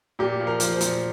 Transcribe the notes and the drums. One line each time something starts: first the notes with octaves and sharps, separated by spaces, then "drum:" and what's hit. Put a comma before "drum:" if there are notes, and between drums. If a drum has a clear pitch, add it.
A#2 G4
F3
A#4
F3, drum: hi-hat
C5
A#2, drum: hi-hat